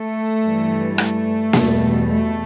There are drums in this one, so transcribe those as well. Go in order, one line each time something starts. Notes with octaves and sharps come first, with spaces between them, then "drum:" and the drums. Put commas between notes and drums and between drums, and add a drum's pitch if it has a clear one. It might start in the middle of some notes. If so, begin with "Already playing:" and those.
Already playing: A3
G2 E3 G3
A3, drum: rim click
E2 B2 G3, drum: snare A#3
A3